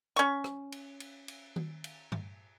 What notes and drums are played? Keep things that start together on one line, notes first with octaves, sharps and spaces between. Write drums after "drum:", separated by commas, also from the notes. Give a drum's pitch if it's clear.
C#4 C#6
drum: rim click
drum: cymbal
drum: cymbal
drum: cymbal
drum: tom D#3
drum: cymbal
drum: tom G2